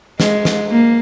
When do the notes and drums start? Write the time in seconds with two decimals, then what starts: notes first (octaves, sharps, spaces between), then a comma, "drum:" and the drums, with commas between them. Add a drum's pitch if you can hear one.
0.20 G#3, drum: snare
0.45 drum: snare
0.71 A#3